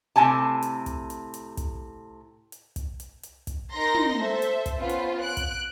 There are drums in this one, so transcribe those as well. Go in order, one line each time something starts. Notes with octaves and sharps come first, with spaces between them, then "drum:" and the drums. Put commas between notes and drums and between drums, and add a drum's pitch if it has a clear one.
A2 C3 A4 G#5 A5
drum: hi-hat
drum: kick, hi-hat
drum: hi-hat
drum: hi-hat
drum: kick, hi-hat
drum: hi-hat
drum: kick, hi-hat
drum: hi-hat
drum: hi-hat
drum: kick, hi-hat
D#4 A#4 A#5 C6 A#6
drum: tom
A4 C5 E5
drum: hi-hat
drum: kick, hi-hat
B3 C#4 F4 B4 C5
drum: hi-hat
F#6 D7
drum: kick, hi-hat